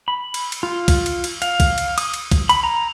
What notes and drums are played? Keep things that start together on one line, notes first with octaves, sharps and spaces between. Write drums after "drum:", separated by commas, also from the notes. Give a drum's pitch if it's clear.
B5
drum: cymbal
drum: cymbal
F4
drum: kick, cymbal
drum: cymbal
drum: cymbal
F5, drum: cymbal
drum: kick, cymbal
drum: cymbal
D#6, drum: cymbal
drum: cymbal
drum: kick, cymbal
B5, drum: cymbal
A#5